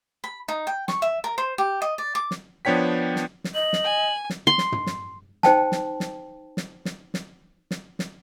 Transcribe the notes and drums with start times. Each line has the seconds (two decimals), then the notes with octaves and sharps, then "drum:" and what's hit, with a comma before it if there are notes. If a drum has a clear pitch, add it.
0.24 B5
0.48 D#4
0.67 G5
0.88 C#6, drum: snare
1.02 E5
1.24 A#4
1.38 C5
1.58 G4
1.82 D#5
1.98 D5
2.15 D6
2.31 drum: snare
2.65 F3 B3 D4 C#5 G5 B6
3.16 drum: snare
3.44 drum: snare
3.55 D#5 F#7
3.73 drum: snare
3.84 G#5
4.30 drum: snare
4.47 C6
4.58 drum: snare
4.72 drum: tom
4.86 drum: snare
5.43 D#4 C5 G5 A5, drum: snare
5.72 drum: snare
6.00 drum: snare
6.57 drum: snare
6.85 drum: snare
7.14 drum: snare
7.71 drum: snare
7.99 drum: snare